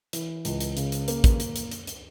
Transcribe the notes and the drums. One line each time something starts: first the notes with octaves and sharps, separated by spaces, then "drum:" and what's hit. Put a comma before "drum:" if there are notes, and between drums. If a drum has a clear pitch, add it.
E3, drum: hi-hat
C#2, drum: hi-hat
drum: hi-hat
C#3, drum: hi-hat
drum: hi-hat
A#3, drum: hi-hat
drum: kick, hi-hat
drum: hi-hat
drum: hi-hat
drum: hi-hat
drum: hi-hat